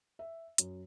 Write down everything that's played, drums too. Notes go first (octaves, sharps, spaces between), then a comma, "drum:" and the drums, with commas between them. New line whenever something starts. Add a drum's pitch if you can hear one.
E5
F#2, drum: hi-hat